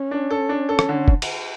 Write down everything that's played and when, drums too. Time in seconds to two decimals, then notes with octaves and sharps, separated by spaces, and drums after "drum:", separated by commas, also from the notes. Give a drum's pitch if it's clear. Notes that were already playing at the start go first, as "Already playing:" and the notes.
Already playing: C#4
0.11 D4
0.30 A4
0.49 D4
0.69 A4
0.79 drum: rim click
0.89 D3
1.08 drum: kick
1.22 drum: cymbal